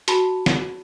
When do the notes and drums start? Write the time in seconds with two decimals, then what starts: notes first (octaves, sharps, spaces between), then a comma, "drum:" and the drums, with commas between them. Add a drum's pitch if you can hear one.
0.08 F#4 A5 B5, drum: hi-hat
0.46 drum: snare